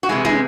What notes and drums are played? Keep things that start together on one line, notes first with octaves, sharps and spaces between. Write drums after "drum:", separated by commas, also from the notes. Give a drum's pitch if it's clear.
F#4
C3 E3 G#3 E4
G#3, drum: tom